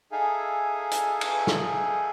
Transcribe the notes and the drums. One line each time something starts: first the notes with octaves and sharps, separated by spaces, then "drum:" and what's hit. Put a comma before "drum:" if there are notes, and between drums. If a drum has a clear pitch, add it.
D#4 G#4 A4 E5 F5 G#5
drum: hi-hat
drum: cymbal
drum: snare